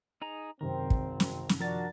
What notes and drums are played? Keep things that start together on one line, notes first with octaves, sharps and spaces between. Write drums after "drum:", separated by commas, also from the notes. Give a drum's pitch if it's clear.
D#4 G#4 A#5
G#1 F#2 C3 D#3 C4 A#4
drum: kick
drum: snare
drum: snare
F3 D4 F#4 A#4 A6